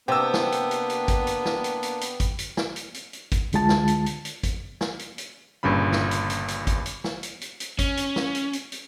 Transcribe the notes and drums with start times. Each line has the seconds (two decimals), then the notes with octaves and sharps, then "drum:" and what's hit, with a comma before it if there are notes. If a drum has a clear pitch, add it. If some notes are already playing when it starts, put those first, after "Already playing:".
0.08 C3 A#3 B3 D4 G5 E6
0.34 drum: snare
0.52 drum: hi-hat
0.71 drum: hi-hat
0.90 drum: hi-hat
1.08 drum: kick, hi-hat
1.27 drum: hi-hat
1.45 drum: snare
1.64 drum: hi-hat
1.83 drum: hi-hat
2.01 drum: hi-hat
2.20 drum: kick, hi-hat
2.39 drum: hi-hat
2.57 drum: snare
2.76 drum: hi-hat
2.94 drum: hi-hat
3.13 drum: hi-hat
3.32 drum: kick, hi-hat
3.53 C#2 D3 G#3 F4 A5, drum: hi-hat
3.69 drum: snare
3.88 drum: hi-hat
4.06 drum: hi-hat
4.25 drum: hi-hat
4.43 drum: kick, hi-hat
4.81 drum: snare
4.99 drum: hi-hat
5.18 drum: hi-hat
5.63 G1 G2 A#2 C#3 B5
5.92 drum: snare
6.11 drum: hi-hat
6.30 drum: hi-hat
6.48 drum: hi-hat
6.67 drum: kick, hi-hat
6.86 drum: hi-hat
7.04 drum: snare
7.23 drum: hi-hat
7.41 drum: hi-hat
7.60 drum: hi-hat
7.79 C#4, drum: kick, hi-hat
7.97 drum: hi-hat
8.16 drum: snare
8.35 drum: hi-hat
8.53 drum: hi-hat
8.72 drum: hi-hat